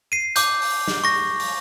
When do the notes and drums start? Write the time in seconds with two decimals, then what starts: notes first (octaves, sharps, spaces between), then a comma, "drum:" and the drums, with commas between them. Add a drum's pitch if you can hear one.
0.12 C7 D#7
0.36 D6 G6, drum: hi-hat
0.62 drum: open hi-hat
0.88 drum: snare
1.04 C#6 A#6
1.40 drum: open hi-hat